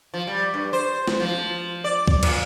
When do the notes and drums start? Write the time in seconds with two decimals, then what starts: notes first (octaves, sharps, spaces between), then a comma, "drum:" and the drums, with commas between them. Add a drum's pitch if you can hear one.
0.14 F3
0.27 G3
0.54 G2
0.73 C5
1.08 drum: snare
1.20 F3
1.84 D5
2.08 drum: kick C2
2.23 A#2, drum: cymbal